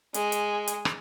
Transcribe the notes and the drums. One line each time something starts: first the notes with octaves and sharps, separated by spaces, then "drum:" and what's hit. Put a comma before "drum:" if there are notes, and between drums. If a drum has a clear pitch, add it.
G#3, drum: hi-hat
drum: hi-hat
drum: hi-hat
drum: rim click